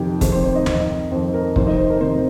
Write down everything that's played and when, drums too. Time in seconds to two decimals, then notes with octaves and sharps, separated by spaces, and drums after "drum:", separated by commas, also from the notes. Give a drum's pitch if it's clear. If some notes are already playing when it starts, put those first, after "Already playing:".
Already playing: F2 C3 D#3 G4 G5
0.21 F2 C3 D#3 C5, drum: kick, hi-hat
0.32 C5
0.44 C5
0.55 D#4 D#5
0.66 F2 D#3, drum: tom D2
1.11 F2 D#3 C5
1.34 A#4
1.56 F2 C3 D#3 C5, drum: kick
1.67 D#4 D#5
1.78 C5
1.90 A#4
2.01 F2 C3 D#3 C5